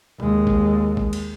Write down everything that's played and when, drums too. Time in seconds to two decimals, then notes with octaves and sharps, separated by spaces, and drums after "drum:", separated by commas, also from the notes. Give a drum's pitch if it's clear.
0.20 D#2 G#3, drum: tom C3
0.47 drum: kick
0.97 drum: kick
1.13 drum: cymbal